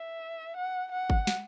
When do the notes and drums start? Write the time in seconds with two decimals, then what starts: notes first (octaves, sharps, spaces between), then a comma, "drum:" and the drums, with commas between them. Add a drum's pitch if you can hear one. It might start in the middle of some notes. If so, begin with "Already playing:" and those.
Already playing: E5
0.57 F#5
0.92 F#5
1.10 drum: kick G1
1.27 drum: snare